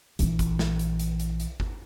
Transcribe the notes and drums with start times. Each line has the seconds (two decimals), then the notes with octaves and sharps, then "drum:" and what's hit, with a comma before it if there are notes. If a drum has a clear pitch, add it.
0.19 A#1 E3, drum: hi-hat
0.39 drum: kick G1, hi-hat
0.59 drum: snare
0.79 drum: hi-hat
1.00 drum: hi-hat
1.20 drum: hi-hat
1.40 drum: hi-hat
1.60 drum: kick G1